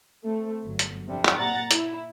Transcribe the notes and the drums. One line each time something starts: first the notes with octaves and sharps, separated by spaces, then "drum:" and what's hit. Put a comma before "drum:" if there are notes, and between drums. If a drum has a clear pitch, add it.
A3 C4
G1 F#3
drum: hi-hat
F2 C3 G3 D4
drum: clap
A#2 F#5 A#5 A6
E4, drum: hi-hat